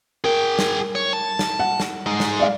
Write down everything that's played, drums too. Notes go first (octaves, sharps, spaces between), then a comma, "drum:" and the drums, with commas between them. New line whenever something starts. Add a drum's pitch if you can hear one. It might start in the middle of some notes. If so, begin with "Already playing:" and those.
G#4 A#4 G5
drum: snare
C#5
A5
drum: snare
F#5
drum: snare
G#3 D#4
drum: snare
D5 F5